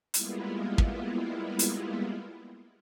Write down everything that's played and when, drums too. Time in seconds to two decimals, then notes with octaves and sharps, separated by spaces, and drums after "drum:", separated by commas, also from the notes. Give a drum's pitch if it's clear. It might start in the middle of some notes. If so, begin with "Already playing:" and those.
0.14 G3 G#3 A#3 B3 E4 F4, drum: hi-hat
0.78 drum: kick
1.59 drum: hi-hat